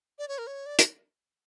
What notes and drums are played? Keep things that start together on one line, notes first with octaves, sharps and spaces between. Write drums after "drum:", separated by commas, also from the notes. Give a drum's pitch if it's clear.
D5
C#5
A#4
C#5
D5
drum: hi-hat